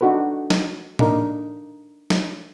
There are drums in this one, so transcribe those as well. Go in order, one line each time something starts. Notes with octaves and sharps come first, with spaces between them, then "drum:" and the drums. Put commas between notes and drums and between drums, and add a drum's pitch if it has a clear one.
D4 D#4 F#4 A4 B4
drum: snare
D4 D#4 A#4, drum: tom A2
drum: snare